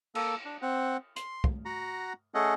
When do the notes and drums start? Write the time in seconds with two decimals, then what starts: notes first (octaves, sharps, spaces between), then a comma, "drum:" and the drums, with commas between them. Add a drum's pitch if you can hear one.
0.15 A#3 A4, drum: cymbal
0.45 D4
0.62 C4 F#5
1.16 C6, drum: hi-hat
1.44 drum: kick
1.65 F#4 F#5 A#5
2.34 A3 C#4 G#4 A4 D#5 F#5